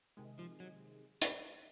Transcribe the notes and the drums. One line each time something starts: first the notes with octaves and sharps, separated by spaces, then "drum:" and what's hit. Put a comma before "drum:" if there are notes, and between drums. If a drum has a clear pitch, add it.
C3 D#3 G#3
F3
F#3
drum: hi-hat